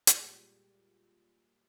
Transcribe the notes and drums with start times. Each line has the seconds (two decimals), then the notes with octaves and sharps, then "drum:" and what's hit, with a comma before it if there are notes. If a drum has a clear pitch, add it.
0.07 drum: hi-hat
0.21 A#2 G3 G#3